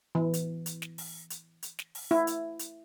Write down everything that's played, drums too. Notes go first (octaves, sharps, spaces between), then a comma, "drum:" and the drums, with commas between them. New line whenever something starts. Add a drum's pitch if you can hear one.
E3
drum: hi-hat
drum: hi-hat
drum: snare
drum: open hi-hat
drum: hi-hat
drum: hi-hat
drum: snare
drum: open hi-hat
E4
drum: hi-hat
drum: hi-hat